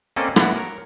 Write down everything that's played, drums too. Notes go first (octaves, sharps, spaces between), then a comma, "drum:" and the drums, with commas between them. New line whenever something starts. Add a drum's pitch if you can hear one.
A#3 C4 C#4 A4 D5 D#5
B3 D4 E4 F#4, drum: rim click
A#4 C#5